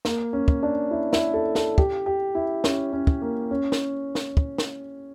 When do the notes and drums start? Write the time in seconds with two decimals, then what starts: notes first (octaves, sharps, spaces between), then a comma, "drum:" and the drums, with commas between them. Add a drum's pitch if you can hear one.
0.05 A#3, drum: snare
0.33 C#4
0.48 drum: kick
0.63 D4
0.91 E4
1.13 E4, drum: snare
1.34 A4
1.55 A4, drum: snare
1.78 G4, drum: kick
2.06 G4
2.35 E4
2.64 C#4, drum: snare
2.93 C#4
3.07 drum: kick
3.22 A#3
3.51 C#4
3.72 drum: snare
4.15 drum: snare
4.37 drum: kick
4.58 drum: snare